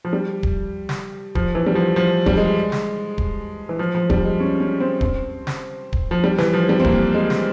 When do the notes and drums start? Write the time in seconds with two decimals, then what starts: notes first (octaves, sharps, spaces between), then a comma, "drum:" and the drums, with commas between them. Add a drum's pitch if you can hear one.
0.05 F3
0.13 G3
0.43 drum: kick D1
0.89 drum: snare
1.35 F3, drum: kick D1
1.55 E3
1.66 G3
1.75 F3
1.96 F3
2.26 G3, drum: kick D1
2.37 G#3
2.72 drum: snare
3.18 drum: kick D1
3.69 E3
3.79 F3
3.95 F3
4.10 G3, drum: kick D1
4.24 G#3
4.40 C#4
4.60 C#4
4.80 C4
5.01 C4, drum: kick D1
5.47 drum: snare
5.93 drum: kick D1
6.11 F3
6.24 G3
6.38 E3, drum: snare
6.53 F3
6.69 G3
6.80 C4
6.84 A#3, drum: kick D1
7.14 G#3
7.30 drum: snare